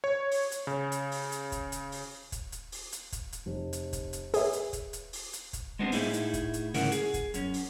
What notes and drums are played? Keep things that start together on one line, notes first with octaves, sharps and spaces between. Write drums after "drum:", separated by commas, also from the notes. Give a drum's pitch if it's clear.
C#5
drum: open hi-hat
drum: hi-hat
C#3
drum: hi-hat
drum: open hi-hat
drum: hi-hat
drum: kick, hi-hat
drum: hi-hat
drum: open hi-hat
drum: kick, hi-hat
drum: hi-hat
drum: open hi-hat
drum: hi-hat
drum: kick, hi-hat
drum: hi-hat
F1
drum: hi-hat
drum: kick, hi-hat
drum: hi-hat
G#4 B4 C#5 E5, drum: open hi-hat
drum: hi-hat
drum: kick, hi-hat
drum: hi-hat
drum: open hi-hat
drum: hi-hat
drum: kick, hi-hat
G#3 B3 C4 D4 F#4 G4
A2 A3 D#4 E4 G#4 F5, drum: open hi-hat
drum: hi-hat
drum: kick, hi-hat
drum: hi-hat
D2 G#2 C#3 E3 F#4 A#4, drum: open hi-hat
G#4, drum: hi-hat
drum: kick, hi-hat
F#2 C#4, drum: hi-hat
drum: open hi-hat